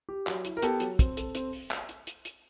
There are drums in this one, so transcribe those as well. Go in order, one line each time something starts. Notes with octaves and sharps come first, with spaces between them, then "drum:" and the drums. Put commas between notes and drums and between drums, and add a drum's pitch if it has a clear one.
G4
F#3, drum: clap
E4, drum: hi-hat
A#4
B3 G4 A4, drum: hi-hat
F#3, drum: hi-hat
C4, drum: kick, hi-hat
A4, drum: hi-hat
C4, drum: hi-hat
drum: open hi-hat
drum: clap
drum: hi-hat
drum: hi-hat
drum: hi-hat